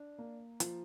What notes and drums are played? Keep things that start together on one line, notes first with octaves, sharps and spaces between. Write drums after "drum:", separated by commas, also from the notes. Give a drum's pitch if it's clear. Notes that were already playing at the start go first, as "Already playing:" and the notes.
Already playing: D4
A#3
F3, drum: hi-hat